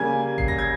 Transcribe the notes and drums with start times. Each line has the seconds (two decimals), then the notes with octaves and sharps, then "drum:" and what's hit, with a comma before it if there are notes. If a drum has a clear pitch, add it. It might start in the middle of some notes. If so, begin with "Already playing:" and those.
Already playing: C#3 G3 A#3 G#5 G#6
0.38 C7, drum: kick G#1
0.48 A#6
0.59 G#6